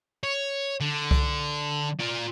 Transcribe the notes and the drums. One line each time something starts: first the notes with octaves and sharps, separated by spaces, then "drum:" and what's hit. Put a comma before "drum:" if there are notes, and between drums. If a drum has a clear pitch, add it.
C#5
D3
drum: kick C2
F4 D5